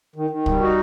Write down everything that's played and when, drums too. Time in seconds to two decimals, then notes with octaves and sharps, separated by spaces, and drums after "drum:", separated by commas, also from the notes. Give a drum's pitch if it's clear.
0.16 D#3
0.30 D#3
0.46 G3, drum: kick
0.60 D#4 F#4